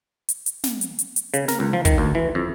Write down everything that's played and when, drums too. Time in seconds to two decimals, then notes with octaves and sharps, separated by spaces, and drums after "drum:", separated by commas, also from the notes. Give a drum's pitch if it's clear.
0.29 drum: hi-hat
0.46 drum: hi-hat
0.64 drum: snare
0.81 drum: hi-hat
0.99 drum: hi-hat
1.16 drum: hi-hat
1.34 C#3, drum: hi-hat
1.48 A#4, drum: snare
1.60 C#2
1.73 F3
1.85 D#3, drum: kick, hi-hat
1.98 D2
2.15 E3
2.35 F2